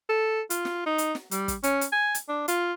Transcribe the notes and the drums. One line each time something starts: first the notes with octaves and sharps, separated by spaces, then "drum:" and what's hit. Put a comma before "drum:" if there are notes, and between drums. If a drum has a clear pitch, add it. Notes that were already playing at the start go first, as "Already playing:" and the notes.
A4
F4, drum: hi-hat
drum: snare
D#4
drum: hi-hat
drum: snare
G3, drum: hi-hat
drum: kick, hi-hat
C#4, drum: hi-hat
drum: hi-hat
G#5
drum: hi-hat
D4
F4, drum: hi-hat